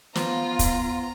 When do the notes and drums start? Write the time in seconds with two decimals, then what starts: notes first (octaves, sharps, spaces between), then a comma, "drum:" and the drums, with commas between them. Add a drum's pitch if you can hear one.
0.15 F3 B3 F4 A#5, drum: snare
0.59 drum: kick, hi-hat